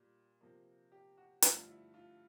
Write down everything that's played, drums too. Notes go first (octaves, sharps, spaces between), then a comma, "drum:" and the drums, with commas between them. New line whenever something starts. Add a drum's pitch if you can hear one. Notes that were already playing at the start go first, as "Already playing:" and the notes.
Already playing: A#2 G3
C3 F3 A#3
G4
F#4
G2 D3 F3 A3 F4, drum: hi-hat
E4
F4